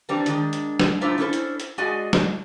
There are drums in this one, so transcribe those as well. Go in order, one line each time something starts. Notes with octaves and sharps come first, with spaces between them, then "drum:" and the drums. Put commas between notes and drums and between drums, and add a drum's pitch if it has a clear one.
E3 G3 C4 D4 A#5
D#3 G#3 D4, drum: hi-hat
drum: hi-hat
drum: snare
A2 D4 F4 C5 E5 A#5
C#4 D4 E4 A4 C5
drum: hi-hat
drum: hi-hat
G#3 F#4 G#4 D5 D#5 G#5
drum: snare